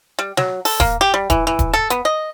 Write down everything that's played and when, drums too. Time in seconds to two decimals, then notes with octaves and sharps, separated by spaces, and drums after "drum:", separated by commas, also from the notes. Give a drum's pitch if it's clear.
0.19 G3
0.37 F#3, drum: snare
0.65 A4, drum: open hi-hat
0.80 A#3, drum: kick D#1
1.01 G4
1.14 G3
1.30 E3, drum: kick D#1, hi-hat
1.47 E3
1.59 drum: kick D#1, hi-hat
1.74 A4
1.90 B3, drum: hi-hat
2.05 D#5